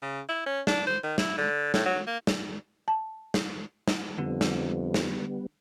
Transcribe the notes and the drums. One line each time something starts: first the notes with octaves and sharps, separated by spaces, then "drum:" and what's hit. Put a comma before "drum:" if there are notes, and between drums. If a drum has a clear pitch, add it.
C#3
E4
C#4
D4, drum: snare
C5
D#3
E4, drum: snare
D3
A2, drum: snare
F#3
A#3
drum: snare
A5
drum: snare
drum: snare
F2 D3 G3 B3
drum: snare
drum: snare